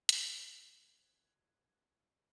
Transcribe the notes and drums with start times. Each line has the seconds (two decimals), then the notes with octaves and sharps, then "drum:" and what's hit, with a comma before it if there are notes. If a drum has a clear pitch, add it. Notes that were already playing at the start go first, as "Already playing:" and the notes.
0.09 C5, drum: hi-hat
0.29 E4 F#6 G#6
0.51 E4
0.73 A4
0.95 C5
1.16 E4